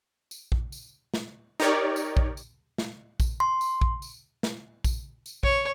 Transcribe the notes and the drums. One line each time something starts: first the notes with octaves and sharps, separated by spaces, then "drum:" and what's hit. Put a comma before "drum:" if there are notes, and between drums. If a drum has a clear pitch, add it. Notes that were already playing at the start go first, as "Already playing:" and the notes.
drum: tambourine
drum: kick A#1
drum: tambourine
drum: snare
D#4 G4 A#4 C#5 D5
drum: tambourine
drum: kick A#1
drum: tambourine
drum: snare
drum: kick A#1, tambourine
C6
drum: tambourine
drum: kick A#1
drum: tambourine
drum: snare
drum: kick A#1, tambourine
drum: tambourine
C#5, drum: kick A#1